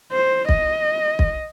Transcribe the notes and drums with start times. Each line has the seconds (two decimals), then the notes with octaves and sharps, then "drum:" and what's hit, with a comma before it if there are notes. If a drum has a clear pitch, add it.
0.12 C5
0.49 D#5, drum: kick
1.19 drum: kick